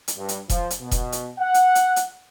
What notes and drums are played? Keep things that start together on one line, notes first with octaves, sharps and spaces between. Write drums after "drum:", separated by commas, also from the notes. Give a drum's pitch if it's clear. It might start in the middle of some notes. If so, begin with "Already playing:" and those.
drum: hi-hat
G2
drum: hi-hat
F3, drum: kick E1, hi-hat
drum: hi-hat
B2
drum: kick E1, hi-hat
drum: hi-hat
F#5
drum: hi-hat
drum: hi-hat
drum: hi-hat